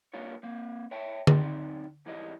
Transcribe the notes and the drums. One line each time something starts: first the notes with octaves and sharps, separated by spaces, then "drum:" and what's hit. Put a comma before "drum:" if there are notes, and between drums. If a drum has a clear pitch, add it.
G2 G3 A#3 D4 F4 C#5
A#3 C4
C#5 E5 G5 A5
B1 C4 D#4 D5 G5 C6, drum: tom D3
G#2 E3 G3 D5 D#5